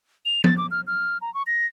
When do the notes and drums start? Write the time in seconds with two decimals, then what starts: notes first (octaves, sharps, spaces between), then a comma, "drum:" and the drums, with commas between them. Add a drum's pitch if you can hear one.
0.25 F7
0.44 A6, drum: tom
0.58 D6
0.71 F6
0.87 F6
1.21 A#5
1.34 C#6
1.47 A#6